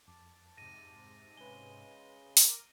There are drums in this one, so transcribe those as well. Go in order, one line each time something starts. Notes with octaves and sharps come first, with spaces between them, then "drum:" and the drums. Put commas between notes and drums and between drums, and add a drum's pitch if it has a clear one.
F2 A5 D6
G#2 C3 A#6 D#7
C#3 G#3 B4 G#5 G7
A#4 D6, drum: open hi-hat